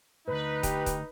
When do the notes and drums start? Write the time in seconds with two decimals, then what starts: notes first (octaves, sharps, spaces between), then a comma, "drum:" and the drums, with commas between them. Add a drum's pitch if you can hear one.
0.28 D2 G#2 D#4 B4
0.63 G4, drum: kick D#1, hi-hat
0.86 drum: kick D#1, hi-hat